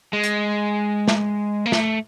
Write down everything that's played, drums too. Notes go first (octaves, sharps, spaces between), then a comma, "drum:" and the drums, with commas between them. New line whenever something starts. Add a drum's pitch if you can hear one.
G#3
drum: hi-hat
drum: snare
A#3
A3, drum: snare